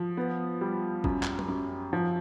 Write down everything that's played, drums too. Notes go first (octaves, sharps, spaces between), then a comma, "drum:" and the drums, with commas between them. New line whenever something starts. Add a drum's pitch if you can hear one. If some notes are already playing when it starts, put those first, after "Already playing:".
Already playing: F3
B3
G3
F#2, drum: kick G#1
drum: clap
drum: tom F#3
F#2
F3